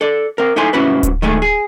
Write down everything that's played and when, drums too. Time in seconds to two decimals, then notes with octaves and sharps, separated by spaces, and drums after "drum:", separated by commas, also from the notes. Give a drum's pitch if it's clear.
0.01 A4 D5
0.38 C4 A#4
0.56 D#4 E4 A4 G#5 C6
0.73 C2 G#2 C#4 E4 F#4 B4
1.03 drum: kick D1, hi-hat
1.22 D#3 G#3 A3 G#4
1.42 G#4